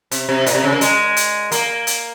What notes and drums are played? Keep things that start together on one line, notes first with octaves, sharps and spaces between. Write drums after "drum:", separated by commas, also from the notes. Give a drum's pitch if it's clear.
C3, drum: hi-hat
C3
A#2, drum: hi-hat
C3
C#3
A#3
G#3, drum: hi-hat
drum: hi-hat
A#3, drum: hi-hat
drum: hi-hat